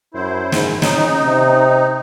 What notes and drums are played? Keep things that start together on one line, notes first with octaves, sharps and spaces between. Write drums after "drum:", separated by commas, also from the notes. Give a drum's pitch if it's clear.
F#2 E4 C5
G#2, drum: snare
C#4 D#4, drum: snare
C3